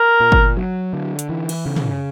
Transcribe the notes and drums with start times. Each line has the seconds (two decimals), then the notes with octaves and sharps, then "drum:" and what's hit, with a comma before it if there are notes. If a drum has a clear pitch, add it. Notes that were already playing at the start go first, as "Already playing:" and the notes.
Already playing: A#4
0.20 A#2
0.32 drum: kick G1
0.57 F#3
0.93 D3
1.19 drum: hi-hat
1.29 E3
1.49 drum: cymbal
1.66 C#3
1.76 drum: tom